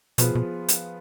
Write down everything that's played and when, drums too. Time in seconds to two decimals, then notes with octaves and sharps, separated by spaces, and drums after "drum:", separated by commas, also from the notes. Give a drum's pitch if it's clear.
0.18 B2 F3 B3 F4 G#4, drum: hi-hat
0.35 B2
0.68 drum: hi-hat